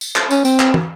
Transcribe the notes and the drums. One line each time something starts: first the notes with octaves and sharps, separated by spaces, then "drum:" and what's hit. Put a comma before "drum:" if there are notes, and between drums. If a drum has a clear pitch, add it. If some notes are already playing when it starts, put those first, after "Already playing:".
drum: tambourine
drum: clap
C#4, drum: tambourine
C4, drum: tambourine
drum: clap
drum: tom